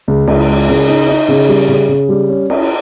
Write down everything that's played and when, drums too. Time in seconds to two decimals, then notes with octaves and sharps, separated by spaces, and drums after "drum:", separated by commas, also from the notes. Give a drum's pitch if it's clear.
0.08 C#2
0.27 C#2, drum: cymbal
0.48 G#3
0.68 C#3
0.88 D#4
1.08 D#4
1.28 C#3
1.49 G3
1.69 C#3
1.89 C#3
2.09 G3
2.29 C#4
2.50 C#4, drum: cymbal